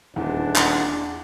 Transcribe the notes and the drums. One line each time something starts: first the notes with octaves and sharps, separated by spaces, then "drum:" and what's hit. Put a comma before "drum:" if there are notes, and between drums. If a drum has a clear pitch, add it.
D#1 E2 D4 F#5
drum: clap